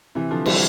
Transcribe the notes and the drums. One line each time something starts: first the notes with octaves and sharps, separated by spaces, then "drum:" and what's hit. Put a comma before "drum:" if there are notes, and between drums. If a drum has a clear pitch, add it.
C3 E3
D3 F3
E3 G3, drum: cymbal